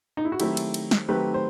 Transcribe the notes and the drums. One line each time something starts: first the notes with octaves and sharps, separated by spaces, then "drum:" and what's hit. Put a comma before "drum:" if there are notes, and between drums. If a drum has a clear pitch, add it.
D#4
E4
F#4
D#3 F#3 A3 C4 E4 G4, drum: cymbal
drum: cymbal
drum: cymbal
drum: snare
D#3 F#3 A3 C4 G4 B4
C5